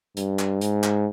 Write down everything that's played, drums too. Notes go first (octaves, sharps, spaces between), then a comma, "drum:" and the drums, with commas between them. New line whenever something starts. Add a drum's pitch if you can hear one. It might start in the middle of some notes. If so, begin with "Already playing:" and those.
G2, drum: hi-hat
drum: clap
G#2, drum: hi-hat
drum: clap